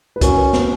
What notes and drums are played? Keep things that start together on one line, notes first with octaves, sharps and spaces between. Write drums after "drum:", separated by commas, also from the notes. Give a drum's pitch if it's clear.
B4
C#4 F#4 A#4, drum: kick, hi-hat
drum: snare